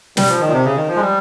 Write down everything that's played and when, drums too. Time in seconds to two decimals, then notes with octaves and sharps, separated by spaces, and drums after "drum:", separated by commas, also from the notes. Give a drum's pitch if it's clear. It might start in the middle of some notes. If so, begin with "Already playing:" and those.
0.17 G3, drum: snare
0.29 F3
0.40 D#3
0.47 A#2
0.52 C3
0.64 C#3
0.76 D#3
0.88 F3
0.96 G#3
1.00 G3